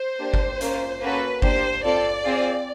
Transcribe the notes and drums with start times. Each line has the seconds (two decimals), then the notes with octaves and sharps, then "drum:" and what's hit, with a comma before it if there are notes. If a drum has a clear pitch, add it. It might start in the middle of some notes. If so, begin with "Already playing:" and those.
Already playing: C5
0.19 A#3 D4 G4
0.34 drum: kick G1
0.61 A#3 C#4 F4, drum: hi-hat
1.02 A#3 C#4 F#4 A4 B4
1.42 A#3 D4 G4 C5, drum: kick G1
1.83 C4 F4 A4 D5
2.24 C4 F4 G#4